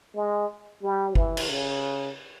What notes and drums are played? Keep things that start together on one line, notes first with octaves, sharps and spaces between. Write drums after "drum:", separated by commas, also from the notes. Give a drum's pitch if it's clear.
G#3
G3
E3, drum: kick G1
drum: cymbal
C#3